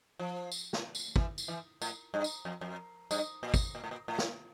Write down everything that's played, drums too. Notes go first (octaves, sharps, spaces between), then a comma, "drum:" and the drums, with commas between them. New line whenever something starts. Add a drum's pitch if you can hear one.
F3
drum: tambourine
drum: snare
drum: tambourine
E3, drum: kick
drum: tambourine
E3
A2, drum: tambourine
G2
drum: tambourine
F2
F2
G2, drum: tambourine
A#2
drum: kick, tambourine
A#2
A2
A#2
A2
drum: snare